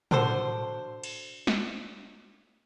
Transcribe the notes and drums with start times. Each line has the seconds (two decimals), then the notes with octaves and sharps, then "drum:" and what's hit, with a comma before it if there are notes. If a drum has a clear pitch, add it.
0.11 D3 F#4 A4 C5, drum: tom
1.04 drum: cymbal
1.47 drum: snare